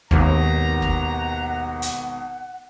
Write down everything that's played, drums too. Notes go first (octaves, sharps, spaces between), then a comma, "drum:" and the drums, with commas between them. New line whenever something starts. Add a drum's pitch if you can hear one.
G#1 D#2 B2 F#5 A#5, drum: kick
drum: kick
drum: hi-hat